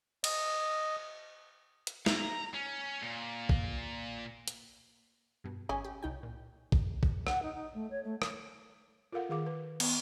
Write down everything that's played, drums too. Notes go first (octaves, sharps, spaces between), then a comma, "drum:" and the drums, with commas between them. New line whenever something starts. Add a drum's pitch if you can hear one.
D#5, drum: cymbal
drum: hi-hat
A#5, drum: snare
C#4
A#2
drum: kick
drum: hi-hat
G2 B2
G#1 C#4 G#4
G4
C2 D#4 G5
A#2
drum: kick
drum: kick
F#5, drum: rim click
D#4
D#4
A3
C#5
A3
drum: rim click
F4 A4 A#4 F5 F#5
D#3 G#4 F5 D6
B4
B3, drum: cymbal